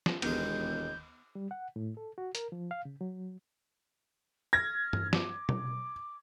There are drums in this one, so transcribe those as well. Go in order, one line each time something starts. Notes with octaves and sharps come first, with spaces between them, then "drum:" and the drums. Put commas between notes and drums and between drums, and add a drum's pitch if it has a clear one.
drum: snare
E1 D#2 G#3 B3 G6, drum: cymbal
G3
F#5
A2
A4
F#4
A#4, drum: hi-hat
F3
F5
C#3
F#3
F6 G#6 A#6
drum: tom G2
D6, drum: snare
drum: tom